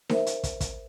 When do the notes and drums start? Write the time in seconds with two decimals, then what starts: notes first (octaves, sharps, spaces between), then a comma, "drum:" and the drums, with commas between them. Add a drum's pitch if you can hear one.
0.09 A#4 C5 E5, drum: snare D#4
0.26 drum: hi-hat
0.43 drum: kick, hi-hat
0.60 drum: kick, hi-hat